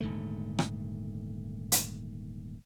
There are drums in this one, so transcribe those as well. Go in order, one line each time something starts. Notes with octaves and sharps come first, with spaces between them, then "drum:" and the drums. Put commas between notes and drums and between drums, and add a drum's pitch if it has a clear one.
D#1 G#2 D3 A3
drum: rim click
drum: hi-hat